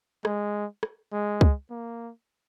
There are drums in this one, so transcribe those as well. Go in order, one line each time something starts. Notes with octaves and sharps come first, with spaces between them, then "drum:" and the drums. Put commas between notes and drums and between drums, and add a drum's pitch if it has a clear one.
G#3, drum: rim click
drum: rim click
G#3
drum: kick C#2
A#3